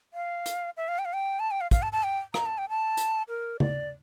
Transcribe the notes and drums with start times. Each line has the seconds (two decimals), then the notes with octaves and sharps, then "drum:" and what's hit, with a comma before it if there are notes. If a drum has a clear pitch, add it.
0.14 F5
0.46 drum: hi-hat
0.77 E5
0.88 F5
0.99 G5
1.05 F5
1.13 G5
1.40 A5
1.51 G5
1.61 F5
1.71 F5, drum: kick, hi-hat
1.82 A5
1.93 A5
2.04 G5
2.34 A#5, drum: rim click
2.46 A5
2.58 G5
2.69 A5
2.97 drum: hi-hat
3.29 A#4
3.60 D5, drum: tom C#3